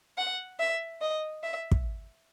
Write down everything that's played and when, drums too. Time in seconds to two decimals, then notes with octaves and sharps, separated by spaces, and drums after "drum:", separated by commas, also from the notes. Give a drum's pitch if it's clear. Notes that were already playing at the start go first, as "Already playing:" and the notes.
0.18 F#5
0.59 E5
1.01 D#5
1.43 E5
1.71 drum: kick